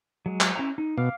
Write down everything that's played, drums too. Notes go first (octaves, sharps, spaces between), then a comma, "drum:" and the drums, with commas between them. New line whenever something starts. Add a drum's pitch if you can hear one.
F#3 G#3
drum: clap
C#4 E4 A#5
D#4
B2 F5 D6 F6